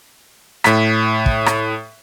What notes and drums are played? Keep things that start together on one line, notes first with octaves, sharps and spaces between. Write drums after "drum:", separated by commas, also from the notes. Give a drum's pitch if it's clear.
A2 B6, drum: rim click
drum: kick
drum: rim click